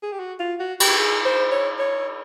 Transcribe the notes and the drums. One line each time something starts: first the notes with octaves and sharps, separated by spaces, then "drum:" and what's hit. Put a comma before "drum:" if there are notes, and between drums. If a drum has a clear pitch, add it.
G#4
G4
F#4
F4
F#4
G4, drum: cymbal
G#4
C5
C#5
C#5